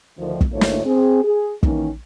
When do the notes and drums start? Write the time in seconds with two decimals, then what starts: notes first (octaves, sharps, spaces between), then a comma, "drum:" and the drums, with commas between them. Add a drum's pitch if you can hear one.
0.18 D2 D#3 F3
0.41 drum: kick
0.52 D2 G#2 A3 A#3 E4 C#5
0.61 drum: snare
0.85 C4 G#4
1.23 G#4
1.63 D#3 E3 A#3 C#4 D#4, drum: kick